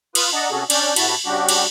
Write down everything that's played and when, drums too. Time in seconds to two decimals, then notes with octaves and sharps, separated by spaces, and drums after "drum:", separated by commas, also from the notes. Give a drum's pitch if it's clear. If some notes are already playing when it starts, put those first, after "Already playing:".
0.15 F4 B4 D#6 F6, drum: cymbal
0.33 D4 D#5 F#5 A5 A#5
0.50 C3 C#4 F#4 G#4 A4
0.70 C#4 D4 D5 G6, drum: cymbal
0.96 A2 C3 E4 F#4 A5 B5, drum: cymbal
1.26 C#3 G3 D4 F#4 G4
1.49 drum: cymbal